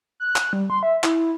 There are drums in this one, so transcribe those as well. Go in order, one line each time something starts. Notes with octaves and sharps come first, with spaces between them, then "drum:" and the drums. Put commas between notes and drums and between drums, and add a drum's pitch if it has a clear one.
F#6
drum: clap
G3
C6
E5
E4, drum: clap